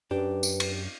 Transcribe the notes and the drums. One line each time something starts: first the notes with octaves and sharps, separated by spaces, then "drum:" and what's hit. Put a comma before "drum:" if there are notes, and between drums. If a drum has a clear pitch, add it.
F#2 D4 G4 B4
drum: tambourine
drum: cymbal